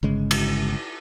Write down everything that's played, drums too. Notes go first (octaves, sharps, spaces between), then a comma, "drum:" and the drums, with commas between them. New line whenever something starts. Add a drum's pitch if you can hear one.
G1 C#3 G#3
drum: cymbal